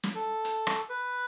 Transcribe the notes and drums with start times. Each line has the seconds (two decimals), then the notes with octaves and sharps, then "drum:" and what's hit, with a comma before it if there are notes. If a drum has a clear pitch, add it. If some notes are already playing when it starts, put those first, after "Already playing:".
0.03 drum: snare
0.15 A4
0.45 drum: hi-hat
0.67 drum: rim click
0.89 B4